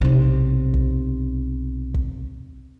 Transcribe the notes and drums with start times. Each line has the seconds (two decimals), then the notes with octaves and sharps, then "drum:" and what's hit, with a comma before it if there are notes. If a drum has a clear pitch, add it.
0.01 B1 C3, drum: kick
0.74 drum: kick
1.94 drum: kick